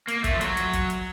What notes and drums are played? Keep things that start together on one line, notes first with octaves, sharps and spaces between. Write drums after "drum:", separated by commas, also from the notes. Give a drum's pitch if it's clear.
A#3, drum: hi-hat
A3, drum: kick, hi-hat
F3
F#3, drum: hi-hat
drum: hi-hat
drum: kick, hi-hat
drum: hi-hat